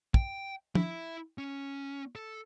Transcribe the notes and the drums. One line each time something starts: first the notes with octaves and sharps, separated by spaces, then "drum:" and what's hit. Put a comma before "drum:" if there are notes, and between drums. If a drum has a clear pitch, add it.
G5, drum: kick
E4, drum: tom
C#4
A4